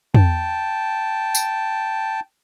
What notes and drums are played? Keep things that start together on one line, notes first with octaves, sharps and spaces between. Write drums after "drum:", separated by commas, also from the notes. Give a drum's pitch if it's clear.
G5 A5, drum: tom
drum: tambourine